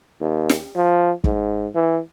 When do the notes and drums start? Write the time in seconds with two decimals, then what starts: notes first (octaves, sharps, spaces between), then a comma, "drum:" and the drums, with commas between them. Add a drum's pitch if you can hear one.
0.21 D#2
0.49 drum: snare
0.75 F3
1.24 G#2, drum: kick
1.75 E3